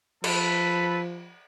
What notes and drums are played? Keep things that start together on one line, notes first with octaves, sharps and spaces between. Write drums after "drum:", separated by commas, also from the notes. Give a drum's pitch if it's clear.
F3 A4 B4 B5, drum: cymbal